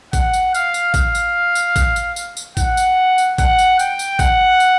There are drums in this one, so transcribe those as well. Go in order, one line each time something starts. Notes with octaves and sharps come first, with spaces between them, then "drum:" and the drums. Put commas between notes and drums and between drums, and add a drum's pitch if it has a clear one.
F#5, drum: kick G#1, tambourine
drum: tambourine
F5, drum: tambourine
drum: tambourine
F5, drum: kick G#1, tambourine
drum: tambourine
drum: tambourine
drum: kick G#1, tambourine
drum: tambourine
drum: tambourine
drum: tambourine
F#5, drum: kick G#1, tambourine
drum: tambourine
drum: tambourine
F#5, drum: kick G#1, tambourine
drum: tambourine
G5, drum: tambourine
drum: tambourine
F#5, drum: kick G#1, tambourine
drum: tambourine